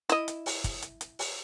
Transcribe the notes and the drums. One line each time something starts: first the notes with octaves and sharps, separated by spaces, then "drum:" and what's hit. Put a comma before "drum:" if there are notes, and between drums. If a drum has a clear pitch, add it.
E4 D#5, drum: hi-hat
drum: hi-hat
drum: open hi-hat
drum: kick, hi-hat
drum: hi-hat
drum: hi-hat
drum: open hi-hat